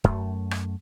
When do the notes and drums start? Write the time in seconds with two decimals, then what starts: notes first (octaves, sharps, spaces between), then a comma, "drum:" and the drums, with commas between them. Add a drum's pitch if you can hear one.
0.04 F#2 A3, drum: kick
0.51 drum: rim click